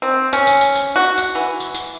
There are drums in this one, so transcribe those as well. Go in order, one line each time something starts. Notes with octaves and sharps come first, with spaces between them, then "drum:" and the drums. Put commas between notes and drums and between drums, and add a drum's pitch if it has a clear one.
C4
C#4, drum: tambourine
drum: tambourine
drum: tambourine
drum: tambourine
F#4
drum: tambourine
E3
drum: tambourine
drum: tambourine